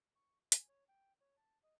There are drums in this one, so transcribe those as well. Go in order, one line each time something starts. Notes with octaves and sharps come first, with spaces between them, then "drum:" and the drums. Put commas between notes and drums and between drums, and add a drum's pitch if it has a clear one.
C#6
G#5, drum: hi-hat
C#5
G5
C#5
A5
D#5